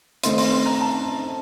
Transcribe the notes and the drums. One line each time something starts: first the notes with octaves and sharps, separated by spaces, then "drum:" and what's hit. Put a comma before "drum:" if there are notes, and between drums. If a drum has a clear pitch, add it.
D#3 A3 C4 D#4 C6, drum: hi-hat
C6, drum: open hi-hat
C6
A#5
A5